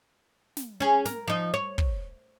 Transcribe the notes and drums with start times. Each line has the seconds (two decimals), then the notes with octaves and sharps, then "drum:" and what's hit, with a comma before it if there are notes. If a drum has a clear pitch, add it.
0.57 drum: snare
0.80 C#4 G#4
1.05 A#4, drum: snare
1.28 F3 D#4
1.54 C#5
1.78 drum: kick